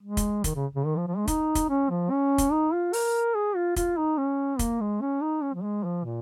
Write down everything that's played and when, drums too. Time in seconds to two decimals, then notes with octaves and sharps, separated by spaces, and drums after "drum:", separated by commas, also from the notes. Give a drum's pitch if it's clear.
0.03 G#3
0.17 drum: kick, hi-hat
0.44 D#3, drum: kick, hi-hat
0.55 C#3
0.76 C#3
0.86 D#3
0.97 F3
1.07 F3
1.17 G#3
1.28 D#4, drum: kick, hi-hat
1.55 drum: kick, hi-hat
1.69 C#4
1.90 F3
2.10 C#4
2.38 drum: kick, hi-hat
2.52 D#4
2.73 F4
2.93 A#4, drum: open hi-hat
3.35 G#4
3.56 F4
3.76 F4, drum: kick, hi-hat
3.97 D#4
4.18 C#4
4.59 A#3, drum: kick, hi-hat
4.81 G#3
5.01 C#4
5.22 D#4
5.43 C#4
5.54 F3
5.63 G#3
5.84 F3
6.05 A#2